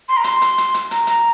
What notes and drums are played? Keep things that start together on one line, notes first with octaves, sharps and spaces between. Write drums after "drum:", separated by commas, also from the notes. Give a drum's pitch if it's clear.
C6
A#5
C6, drum: hi-hat
drum: hi-hat
drum: hi-hat
drum: hi-hat
A#5, drum: hi-hat
drum: hi-hat